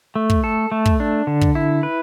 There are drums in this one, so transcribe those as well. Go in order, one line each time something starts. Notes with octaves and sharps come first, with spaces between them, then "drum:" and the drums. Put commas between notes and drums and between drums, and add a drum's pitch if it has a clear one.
A3
drum: kick
A4
A3
drum: kick
D4
D3
drum: kick
E4
B4